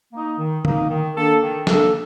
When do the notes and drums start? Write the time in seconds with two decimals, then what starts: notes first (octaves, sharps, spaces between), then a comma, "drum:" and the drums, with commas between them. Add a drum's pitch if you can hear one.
0.12 A#3 D#4
0.38 D#3
0.65 A#3 D#4, drum: tom
0.89 D#3
1.16 A#3 D4 A4
1.41 D#3
1.67 A#3 D4 A4, drum: snare